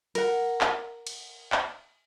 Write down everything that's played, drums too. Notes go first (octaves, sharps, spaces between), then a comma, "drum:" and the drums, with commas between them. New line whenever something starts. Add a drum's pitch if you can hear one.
A#4 F#5, drum: cymbal
drum: clap
drum: cymbal
drum: clap